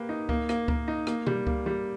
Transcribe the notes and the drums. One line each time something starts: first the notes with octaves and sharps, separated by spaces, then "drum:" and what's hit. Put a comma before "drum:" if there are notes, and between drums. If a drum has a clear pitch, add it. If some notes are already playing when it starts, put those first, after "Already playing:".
Already playing: A#3 G4 B4
D#4
A#3, drum: kick C#2
A#3, drum: rim click
A#3, drum: kick C#2
D#4
A#3, drum: rim click
G3, drum: tom B2
A#3, drum: kick C#2
G3